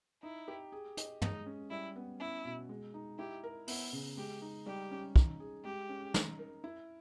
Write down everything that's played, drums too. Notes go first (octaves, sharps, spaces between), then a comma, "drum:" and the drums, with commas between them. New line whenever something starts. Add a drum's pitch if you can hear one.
D#4 E4
G4
G#4
D#5, drum: hi-hat
G#3 D#4, drum: tom
C#4
G3 E4
B3
C#4 E4
B2
G#3
D#4
E4 G4
A#4
B3 E4, drum: open hi-hat
C#3
G#3 G4
D#4
G3 G4
C#4
D#4, drum: kick
G#4
G#3 G4
C#4
D#4, drum: snare
A#4
E4